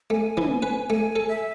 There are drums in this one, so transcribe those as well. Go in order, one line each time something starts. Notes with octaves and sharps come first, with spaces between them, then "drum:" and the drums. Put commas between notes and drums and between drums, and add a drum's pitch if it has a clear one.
A3 G#5
E3, drum: tom
B4
A3 G#5
A4
E5